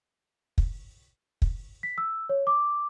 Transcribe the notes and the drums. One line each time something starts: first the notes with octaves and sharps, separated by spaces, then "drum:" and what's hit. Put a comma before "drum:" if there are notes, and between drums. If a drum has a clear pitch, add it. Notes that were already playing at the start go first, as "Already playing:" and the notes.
drum: kick
drum: kick
B6
E6
C#5
D6